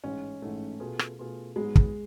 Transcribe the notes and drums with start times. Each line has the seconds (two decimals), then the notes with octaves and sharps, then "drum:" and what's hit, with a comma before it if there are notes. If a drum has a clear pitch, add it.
0.04 A1 G#2 G#3 C#4
0.42 A1 G#2 G#3 A3
0.80 B2 A3 F4 G#4 B4
0.99 drum: rim click
1.19 B2 A3 F4 G#4 B4
1.56 G#2 F#3 G#3 B3
1.76 drum: kick